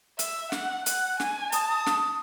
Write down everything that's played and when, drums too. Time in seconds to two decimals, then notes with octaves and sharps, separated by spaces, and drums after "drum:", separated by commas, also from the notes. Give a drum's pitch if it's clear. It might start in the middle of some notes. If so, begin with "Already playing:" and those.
0.19 E5, drum: hi-hat
0.52 F#5, drum: snare
0.86 F#5 F#6, drum: hi-hat
1.20 G#5, drum: snare
1.52 A5 D#6, drum: hi-hat
1.70 D#6
1.86 drum: snare